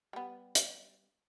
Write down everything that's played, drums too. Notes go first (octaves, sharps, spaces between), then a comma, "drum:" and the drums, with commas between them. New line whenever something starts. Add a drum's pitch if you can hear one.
G3 B3
drum: hi-hat